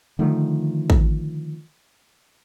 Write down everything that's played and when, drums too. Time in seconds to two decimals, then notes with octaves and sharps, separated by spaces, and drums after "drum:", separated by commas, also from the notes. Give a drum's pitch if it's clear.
0.19 D3 D#3 F3 A3
0.90 drum: kick